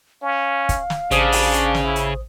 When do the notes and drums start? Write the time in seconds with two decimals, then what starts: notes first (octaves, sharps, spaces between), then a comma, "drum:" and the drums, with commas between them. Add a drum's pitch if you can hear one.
0.22 C#4 F5
0.69 drum: kick, hi-hat
0.90 drum: snare
1.11 A1 C#3 D4 C5 D#6, drum: hi-hat
1.32 drum: open hi-hat
1.53 drum: hi-hat
1.75 drum: snare
1.84 E4
1.96 drum: hi-hat